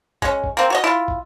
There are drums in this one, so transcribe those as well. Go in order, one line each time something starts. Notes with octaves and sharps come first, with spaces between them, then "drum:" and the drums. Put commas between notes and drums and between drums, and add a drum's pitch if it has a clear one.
G#3 C#4, drum: kick
drum: kick
A#3 C4
F#4 C#5 D#5
E4 F4
drum: kick